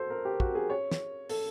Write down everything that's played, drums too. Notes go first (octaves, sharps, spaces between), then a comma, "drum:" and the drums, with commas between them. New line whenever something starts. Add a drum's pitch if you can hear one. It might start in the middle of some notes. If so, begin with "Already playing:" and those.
Already playing: F#4 A4 C5
A#4
G4
F#4, drum: kick
G#4
C#5
drum: snare
A4, drum: open hi-hat